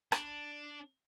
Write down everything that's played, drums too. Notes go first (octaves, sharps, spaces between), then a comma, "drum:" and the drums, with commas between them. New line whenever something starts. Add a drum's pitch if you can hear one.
D4, drum: rim click